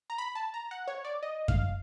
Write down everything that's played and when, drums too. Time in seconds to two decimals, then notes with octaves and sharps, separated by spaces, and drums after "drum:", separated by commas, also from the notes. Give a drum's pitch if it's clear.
0.10 A#5
0.18 B5
0.35 A5
0.54 A#5
0.71 F#5
0.88 C#5
1.05 D5
1.23 D#5
1.48 F5, drum: kick F#2